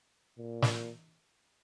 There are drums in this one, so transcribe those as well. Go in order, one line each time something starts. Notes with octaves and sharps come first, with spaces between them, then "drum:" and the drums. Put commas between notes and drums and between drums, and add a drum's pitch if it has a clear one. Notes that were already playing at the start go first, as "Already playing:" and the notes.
A#2
drum: snare